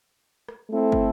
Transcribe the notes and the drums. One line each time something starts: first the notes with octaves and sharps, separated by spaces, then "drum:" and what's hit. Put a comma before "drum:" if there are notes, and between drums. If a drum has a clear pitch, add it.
drum: rim click
A3 C4 E4 A4
drum: kick